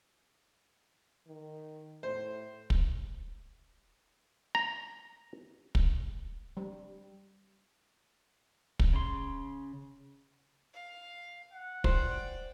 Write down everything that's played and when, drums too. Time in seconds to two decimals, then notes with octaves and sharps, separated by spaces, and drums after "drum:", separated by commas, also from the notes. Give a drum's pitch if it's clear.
1.28 D#3
2.03 A2 C5
2.70 drum: kick
4.55 A#5
5.75 drum: kick
6.57 G3
8.79 drum: kick
8.93 C#3 C6
10.74 F5
11.52 F#5
11.84 C5 D5 G5, drum: kick